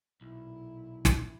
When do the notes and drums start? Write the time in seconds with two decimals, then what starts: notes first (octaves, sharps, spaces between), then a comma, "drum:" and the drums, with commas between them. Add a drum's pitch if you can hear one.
0.21 B1 A#2 E4
1.05 drum: snare